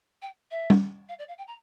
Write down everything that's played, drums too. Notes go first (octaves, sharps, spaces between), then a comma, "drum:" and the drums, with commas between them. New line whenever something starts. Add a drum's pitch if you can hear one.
G5
E5
drum: tom G3
F5
D5
F5
G5
A#5